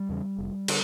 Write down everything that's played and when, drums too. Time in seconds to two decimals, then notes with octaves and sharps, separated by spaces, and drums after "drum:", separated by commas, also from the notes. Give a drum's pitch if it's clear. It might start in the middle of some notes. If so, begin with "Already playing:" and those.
Already playing: G3
0.09 E2 C#3
0.38 F1
0.68 D3, drum: cymbal